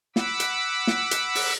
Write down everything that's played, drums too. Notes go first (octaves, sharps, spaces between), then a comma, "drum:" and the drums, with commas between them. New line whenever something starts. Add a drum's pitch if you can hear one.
F#5 B5 D6 E6, drum: snare
drum: hi-hat
drum: snare
drum: hi-hat
drum: open hi-hat